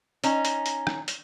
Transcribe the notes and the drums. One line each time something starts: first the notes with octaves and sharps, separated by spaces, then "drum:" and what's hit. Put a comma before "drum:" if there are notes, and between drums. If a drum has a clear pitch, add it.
C#4 D#4, drum: hi-hat
drum: hi-hat
drum: hi-hat
drum: rim click
drum: hi-hat